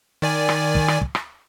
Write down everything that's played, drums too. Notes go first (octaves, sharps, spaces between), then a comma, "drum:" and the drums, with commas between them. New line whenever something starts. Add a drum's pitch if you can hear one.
D#3 D5 G#5
drum: rim click
drum: kick
drum: rim click
drum: kick
drum: rim click